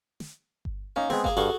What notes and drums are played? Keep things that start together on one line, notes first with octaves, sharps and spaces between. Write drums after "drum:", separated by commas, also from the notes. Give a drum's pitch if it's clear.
drum: snare
drum: kick G1
A#3 C#4 D#4
G#3 B3 C4 G#4, drum: snare
A#3 G#4, drum: kick G1
G2 F#4 G#4 A4 F5